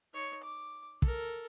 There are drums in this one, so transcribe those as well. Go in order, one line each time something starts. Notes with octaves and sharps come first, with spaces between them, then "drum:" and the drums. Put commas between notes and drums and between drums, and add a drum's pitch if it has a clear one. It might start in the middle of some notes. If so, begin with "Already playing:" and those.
D#4 C#5
D6
A4 A#4, drum: kick